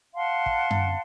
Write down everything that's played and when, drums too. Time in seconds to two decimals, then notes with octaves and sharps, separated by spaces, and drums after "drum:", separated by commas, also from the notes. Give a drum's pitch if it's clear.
0.15 F5 F#5 A5 C6
0.46 drum: kick
0.71 drum: tom F#2